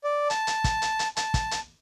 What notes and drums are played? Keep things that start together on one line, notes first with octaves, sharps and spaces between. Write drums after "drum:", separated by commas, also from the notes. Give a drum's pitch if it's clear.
D5
A5, drum: hi-hat
drum: hi-hat
drum: kick, hi-hat
drum: hi-hat
drum: hi-hat
A5, drum: hi-hat
drum: kick, hi-hat
drum: hi-hat